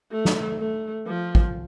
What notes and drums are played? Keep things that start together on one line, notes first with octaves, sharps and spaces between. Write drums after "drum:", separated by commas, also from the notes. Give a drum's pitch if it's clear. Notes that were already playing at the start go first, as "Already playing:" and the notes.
A3
drum: snare
A3
F3
drum: kick